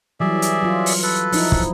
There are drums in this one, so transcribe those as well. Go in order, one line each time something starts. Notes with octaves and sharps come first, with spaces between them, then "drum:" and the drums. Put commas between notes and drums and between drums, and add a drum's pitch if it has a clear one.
E3 F#3 G3 G#4 D5 E5
drum: hi-hat
F#3 F4
drum: open hi-hat
A4 B4
F3 D#4 E4, drum: open hi-hat
drum: kick